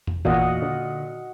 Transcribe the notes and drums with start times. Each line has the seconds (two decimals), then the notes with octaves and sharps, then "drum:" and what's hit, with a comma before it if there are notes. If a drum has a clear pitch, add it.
0.07 drum: tom E2
0.25 E2 A#2 F#4 D#5 F#5, drum: kick G1
0.62 D3